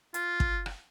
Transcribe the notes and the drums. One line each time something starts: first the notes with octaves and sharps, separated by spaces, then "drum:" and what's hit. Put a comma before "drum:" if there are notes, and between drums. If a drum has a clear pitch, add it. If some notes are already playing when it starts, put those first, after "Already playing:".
F4, drum: hi-hat
drum: kick
drum: rim click